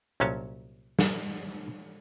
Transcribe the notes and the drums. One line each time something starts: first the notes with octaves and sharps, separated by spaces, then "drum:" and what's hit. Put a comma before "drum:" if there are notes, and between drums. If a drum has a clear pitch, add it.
C2 A#2 F#3 C#4 C#5 A5
drum: snare